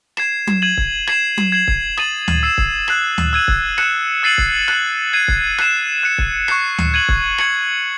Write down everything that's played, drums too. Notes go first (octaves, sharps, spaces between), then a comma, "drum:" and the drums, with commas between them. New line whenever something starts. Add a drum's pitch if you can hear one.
G#6 C7 E7, drum: rim click
drum: tom F#3
G#6 D#7 F#7
drum: kick
G#6 C7 E7, drum: rim click
drum: tom F#3
G#6 C7 F#7
drum: kick
D#6 A6 D#7 F#7, drum: rim click
drum: tom D2
E6 C7 E7
drum: kick
F#6 C7 F#7, drum: rim click
drum: tom D2
E6 G#6 D#7 F#7
drum: kick
F#6 C#7 E7, drum: rim click
E6 A6 C7 D#7 F#7
drum: kick
F#6 C7 F#7, drum: rim click
G#6 C7 D#7
drum: kick
F#6 C7 E7, drum: rim click
F#6 C#7 E7
drum: kick
C#6 F#6 C7, drum: rim click
drum: tom D2
G#6 D#7 F#7
drum: kick
G#6 C#7 F#7, drum: rim click